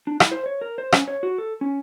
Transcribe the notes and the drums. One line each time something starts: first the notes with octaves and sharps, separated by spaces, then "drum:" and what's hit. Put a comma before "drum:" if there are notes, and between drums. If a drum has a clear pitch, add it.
D4
E4, drum: rim click
C5
C#5
A#4
C5
C#4, drum: rim click
C#5
F#4
A4
C#4